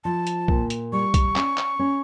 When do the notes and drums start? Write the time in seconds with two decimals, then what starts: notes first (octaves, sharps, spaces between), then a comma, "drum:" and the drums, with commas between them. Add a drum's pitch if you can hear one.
0.04 F3 A5
0.27 drum: hi-hat
0.48 A#2, drum: kick
0.70 drum: hi-hat
0.92 G3 C#6
1.14 drum: kick, hi-hat
1.36 C#4, drum: clap
1.58 drum: clap
1.79 C#4